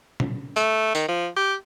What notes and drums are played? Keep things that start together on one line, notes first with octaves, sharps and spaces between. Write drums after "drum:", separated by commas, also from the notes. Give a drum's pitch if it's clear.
drum: tom A#2
A3, drum: tambourine
D#3, drum: tambourine
F3
G4